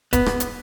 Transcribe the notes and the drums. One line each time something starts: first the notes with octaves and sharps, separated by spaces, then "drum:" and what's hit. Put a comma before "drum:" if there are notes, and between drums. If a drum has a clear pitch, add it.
B3, drum: kick D#1, hi-hat
drum: rim click
drum: hi-hat